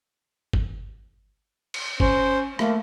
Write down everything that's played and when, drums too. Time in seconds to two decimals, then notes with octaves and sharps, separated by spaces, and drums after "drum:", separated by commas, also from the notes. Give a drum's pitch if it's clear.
0.53 drum: kick G1
1.74 drum: cymbal
2.00 C#4 C5, drum: kick G1
2.59 A3 A#3, drum: rim click